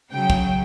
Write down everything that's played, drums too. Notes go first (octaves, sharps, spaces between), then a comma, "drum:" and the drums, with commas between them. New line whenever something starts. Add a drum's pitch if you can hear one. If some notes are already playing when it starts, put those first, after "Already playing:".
C#3 F#3 G5
drum: kick